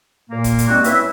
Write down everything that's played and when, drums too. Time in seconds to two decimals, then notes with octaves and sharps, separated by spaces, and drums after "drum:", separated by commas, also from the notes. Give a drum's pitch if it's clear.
0.30 A#2 A#3
0.44 drum: kick C#1, hi-hat
0.59 drum: hi-hat
0.68 G3 G#3 A#3 C4 D#4 F#4
0.84 C#4 E4 B4 E5, drum: hi-hat